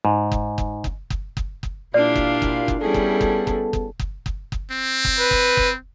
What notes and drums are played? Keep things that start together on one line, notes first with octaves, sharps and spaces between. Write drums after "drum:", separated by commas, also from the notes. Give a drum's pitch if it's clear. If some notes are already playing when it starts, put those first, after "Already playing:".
G#2
drum: kick F#1
drum: kick F#1
drum: kick F#1
drum: kick F#1
drum: kick F#1
drum: kick F#1
A#2 D4 E4 F4 G4 D5 F5
drum: kick F#1
drum: kick F#1
drum: kick F#1
G3 B3 C#4 E4 G#4 A4
drum: kick F#1
drum: kick F#1
drum: kick F#1
drum: kick F#1
drum: kick F#1
drum: kick F#1
drum: kick F#1
C4
drum: kick F#1
B4
drum: kick F#1
drum: kick F#1